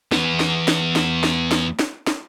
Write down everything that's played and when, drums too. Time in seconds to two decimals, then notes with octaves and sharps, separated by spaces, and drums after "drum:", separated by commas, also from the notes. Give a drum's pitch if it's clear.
0.12 E2 B3, drum: snare
0.40 drum: snare
0.68 drum: snare
0.96 drum: snare
1.24 drum: snare
1.51 drum: snare
1.79 drum: snare
2.07 drum: snare